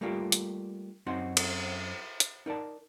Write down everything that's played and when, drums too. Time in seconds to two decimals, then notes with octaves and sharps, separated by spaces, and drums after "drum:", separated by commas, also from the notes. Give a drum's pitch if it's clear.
0.01 G3 A3 A#3 D4 F4 G4
0.32 drum: hi-hat
1.06 F#2 C4 D#4 F#4 C6
1.37 drum: cymbal
2.20 drum: hi-hat
2.46 D#4 A#4 D5 A5